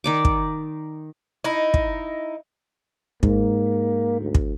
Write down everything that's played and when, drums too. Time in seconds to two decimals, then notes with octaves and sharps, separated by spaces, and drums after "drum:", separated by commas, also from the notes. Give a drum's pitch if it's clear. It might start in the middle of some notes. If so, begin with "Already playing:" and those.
0.04 D#3 D5 D6
0.25 drum: kick
1.44 D#4 E4
1.74 drum: kick
3.23 G#2 A#3, drum: kick
4.20 D2
4.35 drum: kick